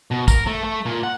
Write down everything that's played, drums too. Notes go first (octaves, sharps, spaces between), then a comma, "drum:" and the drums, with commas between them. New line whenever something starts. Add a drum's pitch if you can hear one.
B2
A#4, drum: kick, tambourine
A3
A3
A#2
F#5